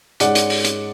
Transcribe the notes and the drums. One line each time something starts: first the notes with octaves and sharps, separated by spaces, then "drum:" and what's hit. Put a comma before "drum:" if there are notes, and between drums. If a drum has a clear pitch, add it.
G#2 G#3 C#4 D5 F#5, drum: hi-hat
drum: hi-hat
drum: open hi-hat
drum: hi-hat